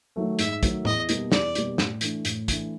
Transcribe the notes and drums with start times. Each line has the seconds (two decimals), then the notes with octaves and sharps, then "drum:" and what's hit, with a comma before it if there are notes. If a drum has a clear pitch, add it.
0.16 D#3 F#3 A3
0.39 G#2 E5, drum: hi-hat
0.63 D#3 F#3 A3, drum: kick, hi-hat
0.85 E2 D#5, drum: tom A2
1.09 B2 G3 A#3 D#4, drum: hi-hat
1.32 E2 D5, drum: snare
1.55 B2 G3 A#3 D#4, drum: hi-hat
1.78 A2, drum: snare
2.01 E3 A3 D4, drum: hi-hat
2.25 A2, drum: hi-hat
2.48 E3 A3 D4, drum: kick, hi-hat